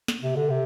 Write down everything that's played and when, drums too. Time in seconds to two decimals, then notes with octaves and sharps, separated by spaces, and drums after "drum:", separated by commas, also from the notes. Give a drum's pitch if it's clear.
0.08 drum: snare
0.23 C3
0.36 D3
0.50 C3